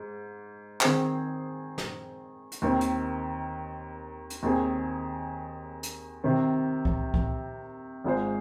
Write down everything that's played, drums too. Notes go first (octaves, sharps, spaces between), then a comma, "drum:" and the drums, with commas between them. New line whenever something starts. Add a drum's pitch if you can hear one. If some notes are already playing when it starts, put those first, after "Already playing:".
Already playing: G#2
D#3 C4 G#4 C5, drum: clap
drum: snare
drum: hi-hat
D#2 D#3 C4
drum: hi-hat
drum: hi-hat
D#2 D#3 C4 G#4
drum: hi-hat
C3 D#3 C4
drum: kick C2
drum: kick C2
G#1 G#2 G#3 F4 C5